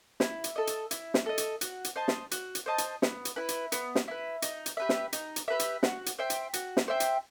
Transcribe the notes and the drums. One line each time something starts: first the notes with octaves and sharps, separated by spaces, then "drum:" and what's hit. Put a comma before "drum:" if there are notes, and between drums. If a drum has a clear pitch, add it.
E4, drum: snare
drum: hi-hat
A4 D#5
drum: hi-hat
E4, drum: hi-hat
drum: snare
A4 D#5
drum: hi-hat
F#4, drum: hi-hat
drum: hi-hat
C5 D#5 A5
drum: snare
F#4, drum: hi-hat
drum: hi-hat
C5 D#5 A5
drum: hi-hat
B3, drum: snare
drum: hi-hat
E4 B4
drum: hi-hat
B3, drum: hi-hat
drum: snare
E4 B4
D#4, drum: hi-hat
drum: hi-hat
G4 B4 E5
drum: snare
D#4, drum: hi-hat
drum: hi-hat
G4 B4 E5
drum: hi-hat
F#4, drum: snare
drum: hi-hat
C5 E5 G5
drum: hi-hat
F#4, drum: hi-hat
drum: snare
C5 E5 G5
drum: hi-hat